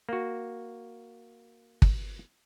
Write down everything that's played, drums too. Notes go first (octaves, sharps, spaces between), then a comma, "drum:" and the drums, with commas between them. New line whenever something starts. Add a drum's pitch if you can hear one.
A#3 F#4
drum: kick